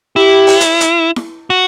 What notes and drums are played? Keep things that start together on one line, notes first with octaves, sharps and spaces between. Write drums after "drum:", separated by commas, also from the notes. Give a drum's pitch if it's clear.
E4 G4
drum: open hi-hat
drum: hi-hat
drum: hi-hat
drum: snare E4
F#4